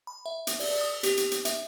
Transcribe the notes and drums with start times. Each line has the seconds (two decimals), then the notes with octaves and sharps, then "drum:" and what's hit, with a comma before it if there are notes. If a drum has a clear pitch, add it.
0.07 B5
0.26 E5
0.47 drum: hi-hat
0.60 D5, drum: open hi-hat
0.81 D#6
1.03 G4, drum: hi-hat
1.17 drum: hi-hat
1.31 drum: hi-hat
1.45 E5, drum: hi-hat